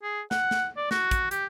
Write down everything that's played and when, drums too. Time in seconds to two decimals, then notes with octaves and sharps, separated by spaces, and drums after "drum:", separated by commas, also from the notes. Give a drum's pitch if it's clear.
0.03 G#4
0.31 F#5, drum: snare
0.51 drum: snare
0.77 D5
0.91 F#4, drum: snare
1.11 drum: kick, hi-hat
1.31 G4, drum: hi-hat